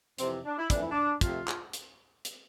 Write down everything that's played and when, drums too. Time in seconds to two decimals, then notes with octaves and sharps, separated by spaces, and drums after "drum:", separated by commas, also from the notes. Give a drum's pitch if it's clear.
0.18 F2 C3 E3 C4, drum: hi-hat
0.45 D4
0.58 E4
0.70 F2 E3 A3 D4, drum: kick, hi-hat
0.80 E4
0.90 D4
1.21 F2 C3 F3 A3 F4, drum: kick, hi-hat
1.48 drum: clap
1.73 drum: hi-hat
2.25 drum: hi-hat